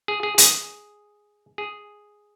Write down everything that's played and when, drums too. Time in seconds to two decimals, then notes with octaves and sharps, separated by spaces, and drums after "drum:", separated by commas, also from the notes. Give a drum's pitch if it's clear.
0.08 G#4
0.23 G#4
0.38 G#4, drum: hi-hat
1.58 G#4